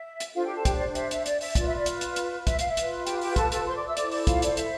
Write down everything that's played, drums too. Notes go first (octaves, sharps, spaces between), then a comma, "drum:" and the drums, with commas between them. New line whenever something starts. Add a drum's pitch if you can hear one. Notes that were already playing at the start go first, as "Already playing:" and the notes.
Already playing: E5
drum: hi-hat
D4 F4 A4 C5 F5
G4 G5
A4 A5
G4 G5, drum: kick, hi-hat
D5
E5, drum: hi-hat
E5, drum: hi-hat
D5, drum: hi-hat
E5, drum: open hi-hat
F4 B4 D5, drum: kick, hi-hat
E5
D5
drum: hi-hat
drum: hi-hat
drum: hi-hat
E5, drum: kick, hi-hat
F5, drum: hi-hat
E5
F4 B4, drum: hi-hat
G4 G5, drum: hi-hat
F5
G4 G5, drum: open hi-hat
A4 A5, drum: kick, hi-hat
A4 A5, drum: hi-hat
C5 C6
D5 D6
E5 E6
E4 A4 C5 D5 D6, drum: hi-hat
D5 D6, drum: open hi-hat
F4 F5, drum: kick, hi-hat
D5, drum: hi-hat
E5, drum: hi-hat